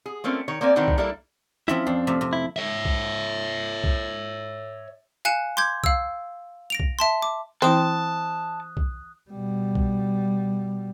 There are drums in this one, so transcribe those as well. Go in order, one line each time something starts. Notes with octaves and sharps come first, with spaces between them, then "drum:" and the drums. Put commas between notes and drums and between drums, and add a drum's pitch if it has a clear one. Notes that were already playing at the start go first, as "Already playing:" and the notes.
G#4
A3 A#3 C4 C#4 F4
D#3 C#5
A#3 C4 D5 F5 G#5
D#3 E3 F#3 C4 D4 D#4
drum: kick B1
G3 A#3 D4 E4 A4
F3 C4 C#4 E4 E5
F2 C4 D4
C3 F3 A3
C3
E4
C#5 E5
drum: kick B1
drum: kick B1
F5 G#5 F#6 C#7 E7
C6 D6 G6 G#6
F5 E6, drum: kick B1
A#6 D7 F7
drum: kick B1
E5 A5 C6
D6
E3 C4 E4 A5 D#6 F#6
drum: kick B1
B2 G3
drum: kick B1